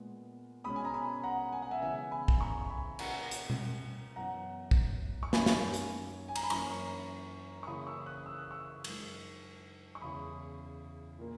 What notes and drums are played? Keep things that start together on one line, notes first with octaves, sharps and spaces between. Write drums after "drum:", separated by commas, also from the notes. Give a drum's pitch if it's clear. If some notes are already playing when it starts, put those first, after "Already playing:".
Already playing: A#2 G#3 B3
B2 G#3 C#4 B5 D#6
G#5
A#5
G#5 B5
F#5 A#5
G#5
F#5
E5 G#5
C#3 E3 B3 E5 G#5
G#5 B5
drum: kick
A#5 C#6
G#5 B5
A#2 A#3 C#4 F#5 A#5, drum: cymbal
drum: hi-hat
drum: tom B2
F#2 E3 B3 F#5 A#5
drum: kick
C#6
F#2 D#3 A#3 C#4 G#5 B5, drum: snare
drum: snare
drum: hi-hat
G#5
A#5, drum: cymbal
B5
F#2 E3 A#3 C#4 A#5 C#6, drum: cymbal
C#6
C#3 E3 A#3 B5 D#6
C#6 E6
D#6 F#6
E6
F#6
C#6 E6
F#2 D#3 G#3, drum: cymbal
C#6
E2 C#3 E3 B5 D#6
A#2 A#3